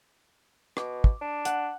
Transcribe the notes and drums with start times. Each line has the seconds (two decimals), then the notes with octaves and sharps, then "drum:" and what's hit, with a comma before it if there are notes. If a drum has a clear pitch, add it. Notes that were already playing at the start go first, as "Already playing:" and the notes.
0.77 B2 D6, drum: rim click
1.04 drum: kick
1.21 D4
1.45 F#5, drum: hi-hat